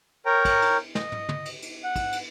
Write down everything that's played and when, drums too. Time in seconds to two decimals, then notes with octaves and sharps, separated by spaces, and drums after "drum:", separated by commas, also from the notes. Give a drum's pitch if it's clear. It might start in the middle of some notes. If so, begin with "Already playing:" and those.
0.26 A#4 C#5 G5 A#5
0.45 drum: kick, cymbal
0.62 drum: cymbal
0.95 D#5, drum: snare
1.12 drum: tom
1.29 drum: tom
1.45 drum: cymbal
1.62 drum: cymbal
1.84 F#5
1.96 drum: kick, cymbal
2.12 drum: cymbal